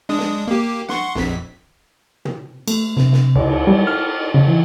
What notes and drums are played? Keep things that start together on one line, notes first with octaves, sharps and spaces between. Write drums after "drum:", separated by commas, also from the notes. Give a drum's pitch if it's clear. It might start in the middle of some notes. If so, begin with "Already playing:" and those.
G#3 D4 D#6
drum: snare
A#3 G4
F#5 C6 C#6, drum: snare
A#1 F2 B6, drum: snare
drum: tom
A3, drum: cymbal
C3, drum: snare
drum: snare
C#2, drum: cymbal
G3
F6
C#3
E3